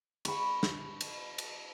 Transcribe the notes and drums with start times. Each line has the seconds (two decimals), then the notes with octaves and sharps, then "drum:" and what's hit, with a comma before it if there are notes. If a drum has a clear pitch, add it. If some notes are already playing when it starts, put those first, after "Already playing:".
0.25 B5 C#6, drum: cymbal
0.63 drum: snare
1.01 drum: cymbal
1.38 drum: cymbal